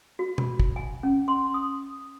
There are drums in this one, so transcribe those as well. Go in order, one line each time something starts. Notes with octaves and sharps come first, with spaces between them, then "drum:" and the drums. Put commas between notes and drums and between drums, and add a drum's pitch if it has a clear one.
F#4
B5, drum: tom B2
drum: kick
G#5
C#4
C6
D#6